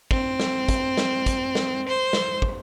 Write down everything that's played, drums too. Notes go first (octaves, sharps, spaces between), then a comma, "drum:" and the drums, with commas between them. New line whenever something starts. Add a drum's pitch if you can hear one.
C4, drum: kick
drum: snare
drum: kick, hi-hat
drum: snare
drum: kick, hi-hat
drum: snare
C5
drum: snare
drum: kick